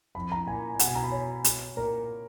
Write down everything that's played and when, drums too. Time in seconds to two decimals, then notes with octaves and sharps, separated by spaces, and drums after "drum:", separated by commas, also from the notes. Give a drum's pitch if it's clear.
0.15 F2 B5
0.32 A#5
0.47 A#2 G#5
0.79 B2 F#5, drum: hi-hat
0.88 G#5
0.96 A#5
1.04 B5
1.12 C#5
1.44 drum: hi-hat
1.77 A#2 A#4